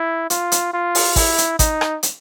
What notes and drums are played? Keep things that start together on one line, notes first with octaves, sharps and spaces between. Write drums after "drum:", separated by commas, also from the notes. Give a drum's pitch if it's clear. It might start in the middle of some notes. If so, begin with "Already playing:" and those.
Already playing: E4
F4, drum: hi-hat
drum: hi-hat
F4
drum: open hi-hat
E4, drum: kick, open hi-hat
drum: hi-hat
D#4, drum: kick, hi-hat
drum: rim click
drum: hi-hat